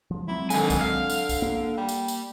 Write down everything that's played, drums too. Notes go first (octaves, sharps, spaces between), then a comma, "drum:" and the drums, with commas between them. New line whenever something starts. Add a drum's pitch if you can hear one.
F3
F#3 G#3 C4 E4
D3 D#3 G#5, drum: tambourine
drum: kick C2, tambourine
D3 F5
drum: tambourine
drum: kick C2, tambourine
A#3
G3
drum: tambourine
drum: tambourine